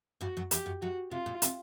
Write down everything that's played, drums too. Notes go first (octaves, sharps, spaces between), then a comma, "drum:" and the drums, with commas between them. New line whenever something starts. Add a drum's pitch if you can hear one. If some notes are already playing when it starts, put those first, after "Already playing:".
G2 G3 F#4
F#2 F#3
E2 E3 G4, drum: hi-hat
F#2 F#3
F#2 F#3 F#4
C3 F4
A#2
C3, drum: hi-hat